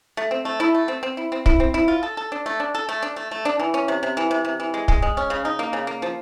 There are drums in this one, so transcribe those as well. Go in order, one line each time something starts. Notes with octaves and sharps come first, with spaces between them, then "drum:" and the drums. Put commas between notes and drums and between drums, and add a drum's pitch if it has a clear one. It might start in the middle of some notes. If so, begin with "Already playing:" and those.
A3
C4
A3
E4
A3
C4
C4
E4
C4
E4, drum: kick
C4
E4
F4
A4
A4
D4
A3
D4
A4
A3
D4
A3
A3
D4
E3
C#4
C3
C3
E3
C3
C3
E3
G#3
G#3, drum: kick
G#3
C#4
C#3
D#4
A#3
C#3
A#3
F3